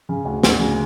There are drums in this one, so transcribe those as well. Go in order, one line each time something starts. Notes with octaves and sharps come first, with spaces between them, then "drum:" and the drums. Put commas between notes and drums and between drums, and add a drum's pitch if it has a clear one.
C#3
D2
D2, drum: snare
C#3